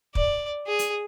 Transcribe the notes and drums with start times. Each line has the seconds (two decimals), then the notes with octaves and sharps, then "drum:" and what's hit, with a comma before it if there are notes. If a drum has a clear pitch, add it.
0.15 D5, drum: kick
0.67 G#4
0.79 drum: hi-hat